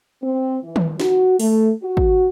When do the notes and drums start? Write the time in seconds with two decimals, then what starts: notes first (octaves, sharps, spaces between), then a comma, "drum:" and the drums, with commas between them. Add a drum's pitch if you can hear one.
0.23 C4
0.63 E3
0.76 drum: tom D#3
1.00 F#4, drum: snare
1.40 A3, drum: open hi-hat
1.83 F#4
1.97 drum: kick